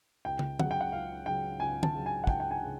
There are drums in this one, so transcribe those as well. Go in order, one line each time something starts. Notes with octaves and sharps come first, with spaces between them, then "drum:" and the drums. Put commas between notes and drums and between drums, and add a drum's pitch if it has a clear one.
C#2 G5
drum: tom
C#3 F#3 F#5, drum: tom
G5
F#5
C#2 F5
C#3 F#3 G5
C#2 G#5
A5, drum: tom
C#3 F#3
G#5
F#5
C#2 G5, drum: kick
G5
G#5
C#3